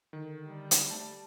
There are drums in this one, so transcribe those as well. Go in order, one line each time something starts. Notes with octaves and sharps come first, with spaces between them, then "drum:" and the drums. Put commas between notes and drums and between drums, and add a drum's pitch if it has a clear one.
D3 D#3
G3
drum: hi-hat
A3 A5